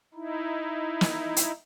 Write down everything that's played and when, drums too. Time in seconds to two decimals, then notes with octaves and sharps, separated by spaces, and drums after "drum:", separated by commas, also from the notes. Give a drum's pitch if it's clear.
0.14 D#4 E4
1.01 drum: snare
1.37 drum: hi-hat